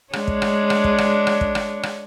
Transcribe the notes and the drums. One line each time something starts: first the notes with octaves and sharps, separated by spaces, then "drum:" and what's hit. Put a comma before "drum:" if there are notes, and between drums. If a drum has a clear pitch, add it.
G#3 D4 C#5, drum: rim click
drum: kick
drum: rim click
drum: rim click
drum: kick
drum: rim click
drum: rim click
drum: kick
drum: rim click
drum: rim click